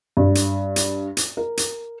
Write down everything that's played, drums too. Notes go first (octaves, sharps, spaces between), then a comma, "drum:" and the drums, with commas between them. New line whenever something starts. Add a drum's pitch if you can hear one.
G2
drum: hi-hat
drum: hi-hat
drum: hi-hat
A#4
drum: hi-hat